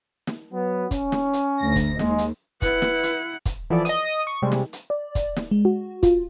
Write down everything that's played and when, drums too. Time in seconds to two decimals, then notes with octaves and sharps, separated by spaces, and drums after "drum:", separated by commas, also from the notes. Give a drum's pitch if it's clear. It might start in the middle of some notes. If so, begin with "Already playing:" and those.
0.27 drum: snare
0.53 F#3 B3
0.91 C#4, drum: kick, hi-hat
1.12 drum: snare
1.33 drum: hi-hat
1.60 D2 A#6
1.76 drum: kick, hi-hat
1.99 D#2 G#3, drum: snare
2.18 drum: hi-hat
2.62 E4 B4 F#5, drum: kick, hi-hat
2.82 drum: snare
3.03 drum: hi-hat
3.46 drum: kick, hi-hat
3.70 E3 F3 B3 A4 D5
3.85 D#5 D#6, drum: hi-hat
4.27 C#6
4.42 C3 G3 G#3
4.52 drum: snare
4.73 drum: hi-hat
4.90 D5
5.15 drum: kick, hi-hat
5.36 drum: snare
5.51 G#3
5.65 F#4
6.03 F4, drum: kick, hi-hat